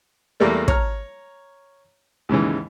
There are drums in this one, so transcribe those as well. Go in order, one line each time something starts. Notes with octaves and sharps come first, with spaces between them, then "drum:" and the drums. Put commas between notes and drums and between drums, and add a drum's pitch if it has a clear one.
E2 G3 A3 A#3 D5
C#5 A#5 F6, drum: kick
D#2 G#2 C#3 E3